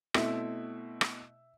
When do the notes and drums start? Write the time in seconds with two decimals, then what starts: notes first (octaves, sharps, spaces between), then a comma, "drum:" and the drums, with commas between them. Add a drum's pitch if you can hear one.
0.14 B2 A3 C4 E4 E5, drum: rim click
1.01 drum: rim click